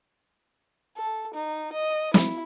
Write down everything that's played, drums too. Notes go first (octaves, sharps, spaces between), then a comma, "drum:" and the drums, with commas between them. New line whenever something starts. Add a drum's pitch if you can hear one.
A4
D#4
D#5
E4, drum: snare